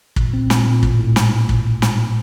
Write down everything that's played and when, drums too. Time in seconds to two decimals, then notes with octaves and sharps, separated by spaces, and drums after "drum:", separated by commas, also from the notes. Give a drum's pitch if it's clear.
0.16 A#2, drum: kick
0.34 C4
0.50 A#2, drum: snare
0.67 A#2
0.83 A2, drum: kick
0.99 A2
1.16 drum: snare
1.49 drum: kick
1.82 drum: snare